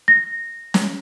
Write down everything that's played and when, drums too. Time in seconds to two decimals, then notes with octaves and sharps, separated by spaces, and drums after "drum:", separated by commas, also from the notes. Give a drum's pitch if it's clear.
0.08 A#6
0.74 drum: snare